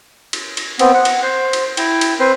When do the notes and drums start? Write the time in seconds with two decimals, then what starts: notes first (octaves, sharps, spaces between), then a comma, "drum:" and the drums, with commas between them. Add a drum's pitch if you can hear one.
0.33 drum: cymbal
0.57 drum: cymbal
0.79 B3 C4, drum: cymbal
0.94 F#5
1.05 drum: cymbal
1.23 C5
1.53 drum: cymbal
1.77 E4 G5, drum: cymbal
2.01 drum: cymbal
2.20 C4 B4 C5